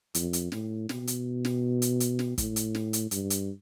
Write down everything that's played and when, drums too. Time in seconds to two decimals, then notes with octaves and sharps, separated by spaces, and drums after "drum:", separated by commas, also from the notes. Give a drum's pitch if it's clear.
0.15 F2, drum: hi-hat
0.33 drum: hi-hat
0.52 A2, drum: snare
0.89 B2, drum: snare
1.07 drum: hi-hat
1.45 drum: snare
1.82 drum: hi-hat
2.00 drum: hi-hat
2.19 drum: snare
2.38 A2, drum: kick, hi-hat
2.56 drum: hi-hat
2.75 drum: snare
2.93 drum: hi-hat
3.11 G2, drum: hi-hat
3.30 drum: hi-hat